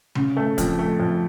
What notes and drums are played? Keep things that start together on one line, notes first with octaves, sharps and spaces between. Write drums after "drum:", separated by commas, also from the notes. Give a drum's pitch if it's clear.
C#3, drum: tom C3
A3
F2, drum: kick, hi-hat
A3
F2